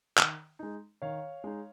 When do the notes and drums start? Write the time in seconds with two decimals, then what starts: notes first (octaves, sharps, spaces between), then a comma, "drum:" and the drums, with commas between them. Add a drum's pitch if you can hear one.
0.18 D#3, drum: clap
0.59 G#3 D#4
1.02 D#3 C#5 F5
1.44 G#3 D#4